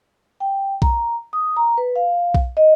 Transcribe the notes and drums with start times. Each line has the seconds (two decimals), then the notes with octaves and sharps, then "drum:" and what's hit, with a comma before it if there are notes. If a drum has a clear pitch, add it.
0.40 G5
0.82 A#5, drum: kick B1
1.33 D#6
1.57 A#5
1.77 B4
1.96 F5
2.35 drum: kick B1
2.57 D#5